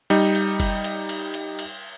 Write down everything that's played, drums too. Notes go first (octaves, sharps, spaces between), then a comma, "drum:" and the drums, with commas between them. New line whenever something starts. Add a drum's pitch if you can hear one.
G3 D#4, drum: cymbal
drum: cymbal
drum: kick F#1, cymbal
drum: cymbal
drum: cymbal
drum: cymbal
drum: cymbal